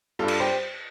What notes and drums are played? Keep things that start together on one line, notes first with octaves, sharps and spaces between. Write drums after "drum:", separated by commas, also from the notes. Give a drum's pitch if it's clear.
G2 G3 F4 A4
drum: cymbal
G4 C5